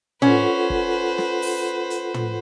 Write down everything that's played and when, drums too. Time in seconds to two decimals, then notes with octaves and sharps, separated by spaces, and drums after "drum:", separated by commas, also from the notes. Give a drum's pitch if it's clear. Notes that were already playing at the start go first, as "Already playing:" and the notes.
0.22 C#4 F4 A4 B4 C5 F#5, drum: tom
0.70 drum: kick
1.18 drum: snare
1.42 drum: open hi-hat
1.90 drum: hi-hat
2.14 drum: tom